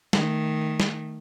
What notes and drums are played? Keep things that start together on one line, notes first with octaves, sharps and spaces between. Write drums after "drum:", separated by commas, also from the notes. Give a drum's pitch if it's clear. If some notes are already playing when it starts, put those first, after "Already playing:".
D#3 A3, drum: snare
drum: snare